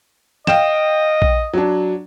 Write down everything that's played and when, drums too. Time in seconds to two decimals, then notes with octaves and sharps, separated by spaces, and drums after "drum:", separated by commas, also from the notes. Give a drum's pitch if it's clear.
0.47 D#5 F5 G5 E7, drum: snare
1.22 drum: kick A#1
1.54 F#3 D4